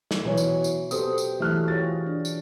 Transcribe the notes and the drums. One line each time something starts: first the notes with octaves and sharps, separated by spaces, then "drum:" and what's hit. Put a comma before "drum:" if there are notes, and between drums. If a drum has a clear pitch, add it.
drum: snare
B2 E3 F#3 B4 C#5
drum: tambourine
drum: tambourine
B3 G4 A4 C5 D#6, drum: tambourine
drum: tambourine
E3 F#3 A3 G4 F6 F#6
F4 G#4 C#5 A6 A#6
D4
drum: tambourine